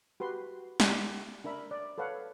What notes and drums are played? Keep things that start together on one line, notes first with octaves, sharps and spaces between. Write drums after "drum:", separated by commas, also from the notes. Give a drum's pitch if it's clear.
F#4 G4 B4 C6
G4 D5 G#5 A5, drum: snare
D4 A#4 E5 B5
D5
A4 B4 C#5 F5 F#5